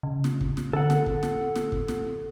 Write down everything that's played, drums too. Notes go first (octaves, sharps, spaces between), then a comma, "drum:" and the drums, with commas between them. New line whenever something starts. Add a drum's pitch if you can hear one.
C#3
drum: snare
drum: kick
drum: snare
D3 A4 F#5
drum: snare
drum: kick
drum: snare
drum: snare
drum: kick
drum: snare